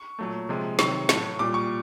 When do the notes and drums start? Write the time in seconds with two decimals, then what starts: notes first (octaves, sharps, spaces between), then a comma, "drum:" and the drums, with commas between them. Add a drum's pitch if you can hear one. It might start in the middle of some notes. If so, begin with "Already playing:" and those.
Already playing: C#6
0.19 A#2 F#3 A3
0.49 C3 F3 G#3
0.79 C3 D#3 F#3 C#6, drum: snare
1.09 A2 F#3 A3, drum: snare
1.39 A#2 G3 D6
1.54 C#6